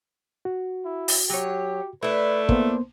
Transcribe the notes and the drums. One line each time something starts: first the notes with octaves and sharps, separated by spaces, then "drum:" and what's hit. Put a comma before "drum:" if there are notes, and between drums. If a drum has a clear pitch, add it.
F#4
E4
drum: open hi-hat
F#3 G4 C#5
A3 D4 E4 B4
A#3 B3 C5, drum: kick